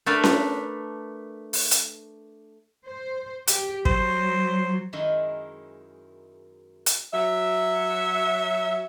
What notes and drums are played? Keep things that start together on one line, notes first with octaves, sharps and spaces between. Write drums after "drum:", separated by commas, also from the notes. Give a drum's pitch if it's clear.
A3 D4 A#4 B4
drum: snare C#4
drum: open hi-hat
drum: hi-hat
C5
G4, drum: hi-hat
F#3 C5, drum: kick
F#2 D#3 G#3 E4 A#4 D#5
drum: hi-hat
F#3 E5